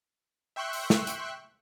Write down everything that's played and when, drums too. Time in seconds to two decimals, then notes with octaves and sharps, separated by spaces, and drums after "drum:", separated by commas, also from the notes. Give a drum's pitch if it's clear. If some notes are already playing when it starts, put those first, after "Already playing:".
0.56 E5 G5 C6 C#6 F#6
0.73 drum: open hi-hat
0.90 drum: snare
1.07 drum: hi-hat